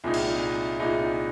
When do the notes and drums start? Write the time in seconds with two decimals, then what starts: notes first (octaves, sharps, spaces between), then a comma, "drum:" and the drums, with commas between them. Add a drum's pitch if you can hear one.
0.04 C2 A#2 G#3 D#4
0.14 drum: cymbal
0.80 C2 A#2 G#3 D#4